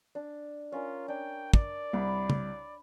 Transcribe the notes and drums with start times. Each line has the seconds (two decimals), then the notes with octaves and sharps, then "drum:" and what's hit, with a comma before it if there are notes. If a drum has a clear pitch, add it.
0.15 D4
0.72 C#4 F4 A#4
1.08 D4 G5
1.54 D5, drum: kick
1.93 C2 B5
2.30 drum: tom